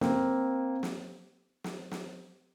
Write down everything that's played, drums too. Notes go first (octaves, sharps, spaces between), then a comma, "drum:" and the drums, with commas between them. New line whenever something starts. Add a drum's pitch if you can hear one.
A#3 C4, drum: snare
drum: snare
drum: snare
drum: snare